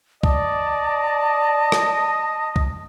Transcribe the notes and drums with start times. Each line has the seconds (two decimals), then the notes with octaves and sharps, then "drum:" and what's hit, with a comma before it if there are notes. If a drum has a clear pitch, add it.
0.23 D5 D#5 A5, drum: kick C2
1.72 drum: rim click
2.56 drum: kick C2